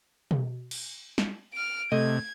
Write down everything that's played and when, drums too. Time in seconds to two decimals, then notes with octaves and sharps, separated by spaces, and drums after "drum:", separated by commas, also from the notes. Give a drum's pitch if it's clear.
0.31 drum: tom B2
0.71 drum: cymbal
1.18 drum: snare
1.53 F6 D7
1.92 C3 A3 D#5 G#6